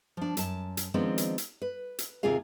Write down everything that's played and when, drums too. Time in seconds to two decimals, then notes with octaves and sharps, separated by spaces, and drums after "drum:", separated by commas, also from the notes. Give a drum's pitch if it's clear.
0.17 F3 D4
0.37 F#2 A5, drum: hi-hat
0.77 drum: hi-hat
0.94 D#3 F3 G#3 B3 C4 D4
1.18 drum: hi-hat
1.38 drum: hi-hat
1.62 B4
1.99 drum: hi-hat
2.23 D#2 C3 A#3 F4 G#4 F5